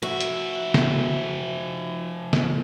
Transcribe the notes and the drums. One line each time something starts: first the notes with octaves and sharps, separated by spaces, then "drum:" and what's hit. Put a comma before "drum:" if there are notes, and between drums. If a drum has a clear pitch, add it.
F3 F#4 E5
drum: hi-hat
drum: snare
drum: snare